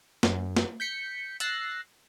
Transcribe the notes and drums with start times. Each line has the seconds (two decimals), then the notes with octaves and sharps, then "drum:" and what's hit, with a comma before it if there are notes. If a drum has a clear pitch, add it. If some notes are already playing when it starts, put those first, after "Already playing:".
0.23 F#2, drum: snare
0.56 drum: snare
0.80 G6 B6 C#7
1.40 E6 F#6 A6 A#6 C7, drum: hi-hat